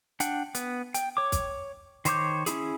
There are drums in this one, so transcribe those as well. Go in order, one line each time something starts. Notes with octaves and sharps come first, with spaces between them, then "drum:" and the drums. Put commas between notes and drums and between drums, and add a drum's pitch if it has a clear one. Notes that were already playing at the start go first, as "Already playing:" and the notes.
D4 F#5 G5, drum: hi-hat
B3, drum: hi-hat
G5, drum: hi-hat
C#5 D6
drum: kick, hi-hat
D#3 C5 C#5 D6 G6, drum: hi-hat
C#4 D#4 E4 G#4, drum: hi-hat